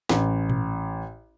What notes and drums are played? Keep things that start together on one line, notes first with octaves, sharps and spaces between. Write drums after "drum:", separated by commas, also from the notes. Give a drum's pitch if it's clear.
A1, drum: snare
drum: tom A#2